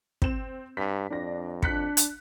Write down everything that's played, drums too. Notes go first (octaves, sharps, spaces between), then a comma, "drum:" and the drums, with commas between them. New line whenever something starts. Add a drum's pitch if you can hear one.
C4 E7, drum: kick
G2 B6
F2 D4 A#6
D4 F#6 B6 C#7, drum: kick
drum: hi-hat